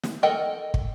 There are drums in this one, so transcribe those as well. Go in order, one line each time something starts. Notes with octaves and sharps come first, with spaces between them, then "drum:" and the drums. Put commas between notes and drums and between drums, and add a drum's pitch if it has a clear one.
drum: snare
A4 A#4 D#5 F#5 G5
drum: kick